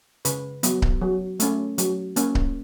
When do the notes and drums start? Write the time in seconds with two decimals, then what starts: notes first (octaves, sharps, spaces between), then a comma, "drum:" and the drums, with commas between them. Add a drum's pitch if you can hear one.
0.25 C#3 B4, drum: hi-hat
0.63 F#3 B3, drum: hi-hat
0.82 drum: kick C#1
1.01 F#3
1.40 A3 C#4, drum: hi-hat
1.78 F#3, drum: hi-hat
2.16 A#3 C#4, drum: hi-hat
2.35 drum: kick C#1